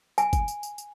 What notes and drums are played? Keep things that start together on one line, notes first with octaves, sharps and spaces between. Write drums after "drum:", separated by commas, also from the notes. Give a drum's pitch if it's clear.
G#5, drum: tambourine
drum: kick G1, tambourine
drum: tambourine
drum: tambourine
drum: tambourine